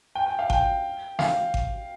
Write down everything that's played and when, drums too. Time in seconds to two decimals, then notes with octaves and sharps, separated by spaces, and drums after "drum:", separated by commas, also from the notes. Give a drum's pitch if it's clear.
0.15 G5
0.26 G5
0.39 F5
0.50 G5, drum: kick G#1
1.19 F5, drum: snare
1.54 drum: kick G#1